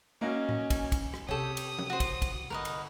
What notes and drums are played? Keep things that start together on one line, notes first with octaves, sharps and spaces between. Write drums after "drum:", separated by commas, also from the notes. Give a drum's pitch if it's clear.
A#3 C#4 D#4 F#4
drum: tom A2
G#5, drum: kick, cymbal
drum: kick, cymbal
drum: rim click
C3 G4 A4 C#5 G5 D#6
drum: cymbal
drum: tom F3
F#4 C5
drum: kick, cymbal
drum: kick, cymbal
G1 A#4 B4 D#5
drum: cymbal